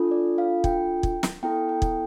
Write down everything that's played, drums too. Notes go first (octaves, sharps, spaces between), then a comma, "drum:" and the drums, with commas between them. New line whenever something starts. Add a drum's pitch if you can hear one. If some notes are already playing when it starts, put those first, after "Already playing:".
Already playing: D4 F4 A4
D5
F5
G5, drum: kick
drum: kick
drum: snare
B3 E4 A4 G5
G5
drum: kick